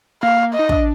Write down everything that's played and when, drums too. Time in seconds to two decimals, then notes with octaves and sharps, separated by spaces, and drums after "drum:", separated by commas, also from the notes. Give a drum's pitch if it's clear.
0.23 A#3 F5
0.54 D#5
0.59 D#4
0.69 D4, drum: kick